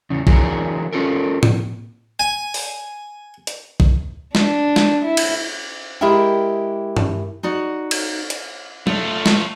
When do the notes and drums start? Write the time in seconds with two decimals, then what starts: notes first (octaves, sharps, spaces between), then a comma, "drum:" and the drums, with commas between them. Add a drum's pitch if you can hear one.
0.10 E2 C#3
0.27 E3 F#3 D4 G#4 A#4, drum: kick A#1
0.93 C#4 F4 A4 A#4
1.43 drum: tom A2
2.20 G#5
2.54 drum: open hi-hat
3.47 drum: hi-hat
3.80 drum: kick A#1
4.35 D4, drum: snare
4.76 drum: snare
5.05 E4
5.17 drum: cymbal
6.01 G#3 E4 G4 A#4 E5 G5
6.97 drum: tom G2
7.43 D#4 F#4 D5
7.91 drum: cymbal
8.30 drum: hi-hat
8.87 A3 F4, drum: tom F#3
9.26 drum: snare